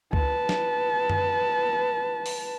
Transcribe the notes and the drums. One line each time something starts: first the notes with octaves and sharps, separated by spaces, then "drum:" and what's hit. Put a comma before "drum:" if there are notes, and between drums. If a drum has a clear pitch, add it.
B4 A5, drum: kick C#2
drum: snare
drum: tom F#2
drum: open hi-hat